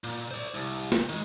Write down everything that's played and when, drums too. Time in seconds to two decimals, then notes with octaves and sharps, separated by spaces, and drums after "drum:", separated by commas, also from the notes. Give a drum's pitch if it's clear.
0.04 A#2
0.31 C5 D5
0.54 C2
0.92 drum: snare
1.09 D#3 G#3